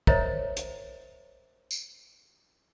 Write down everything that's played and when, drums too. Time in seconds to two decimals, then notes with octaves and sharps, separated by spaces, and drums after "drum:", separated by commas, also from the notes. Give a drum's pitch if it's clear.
0.07 A#4 C5 C#5 D#5 E5 A#5, drum: kick
0.57 drum: hi-hat
1.71 drum: tambourine